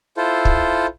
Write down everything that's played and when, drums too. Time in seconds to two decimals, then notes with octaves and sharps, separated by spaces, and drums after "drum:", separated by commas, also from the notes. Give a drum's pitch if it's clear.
0.17 E4 F4 A4 C5
0.45 drum: kick